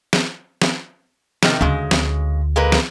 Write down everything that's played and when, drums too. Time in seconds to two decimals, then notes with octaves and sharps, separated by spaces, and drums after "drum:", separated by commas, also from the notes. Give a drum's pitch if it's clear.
0.13 drum: snare
0.62 drum: snare
1.43 C3 D#3, drum: snare
1.61 D2 C#3 G#3
1.91 drum: snare
2.56 G#3 A#3 B4
2.72 drum: snare